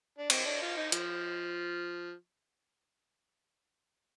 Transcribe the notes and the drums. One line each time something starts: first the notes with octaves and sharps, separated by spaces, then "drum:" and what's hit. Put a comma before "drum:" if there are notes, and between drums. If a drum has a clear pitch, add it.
D4
C4, drum: cymbal
D4
F4
D#4
F3, drum: hi-hat